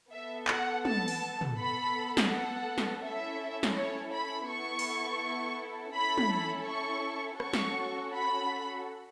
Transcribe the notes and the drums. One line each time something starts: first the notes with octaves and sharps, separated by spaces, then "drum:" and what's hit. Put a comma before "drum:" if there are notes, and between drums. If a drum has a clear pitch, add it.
B3 A4 E5
F#5, drum: clap
A5, drum: tom
drum: open hi-hat
drum: tom
B3 A4 B5
drum: snare
F#5
drum: snare
C#4 E4 A4 E5
drum: snare
C#5
B5
B3 E4 A4 C#6
drum: open hi-hat
C#4 E4 A4 B5
drum: tom
C#6
C#4 F#4 A4 C#6, drum: rim click
drum: snare
B5